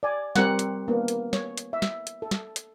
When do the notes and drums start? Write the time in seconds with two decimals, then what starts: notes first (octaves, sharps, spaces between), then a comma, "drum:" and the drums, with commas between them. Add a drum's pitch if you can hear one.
0.03 D5 G#5
0.36 G3 C4 G4 A#4 F#5, drum: snare
0.59 drum: hi-hat
0.88 A#3 B3 D4
1.08 drum: hi-hat
1.33 C#5, drum: snare
1.58 drum: hi-hat
1.73 E5
1.82 drum: snare
2.07 drum: hi-hat
2.22 A4
2.31 drum: snare
2.56 drum: hi-hat